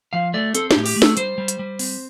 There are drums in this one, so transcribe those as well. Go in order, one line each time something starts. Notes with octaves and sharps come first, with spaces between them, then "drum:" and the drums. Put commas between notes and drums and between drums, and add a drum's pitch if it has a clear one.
F3 F5
A3 D5
C4 A4, drum: hi-hat
G4, drum: snare
A2
G4, drum: open hi-hat
A3
A4, drum: snare
G3 C5, drum: hi-hat
G3
drum: hi-hat
G3
C4, drum: open hi-hat